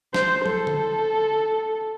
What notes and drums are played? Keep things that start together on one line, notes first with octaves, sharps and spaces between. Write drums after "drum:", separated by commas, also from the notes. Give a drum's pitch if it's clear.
C5, drum: snare
A4, drum: tom
drum: tom D3